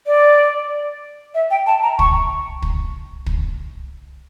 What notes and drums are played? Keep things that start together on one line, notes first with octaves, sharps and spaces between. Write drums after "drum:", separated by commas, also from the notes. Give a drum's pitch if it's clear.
D5
E5
G5
A5
A#5
C#6, drum: kick
drum: kick
drum: kick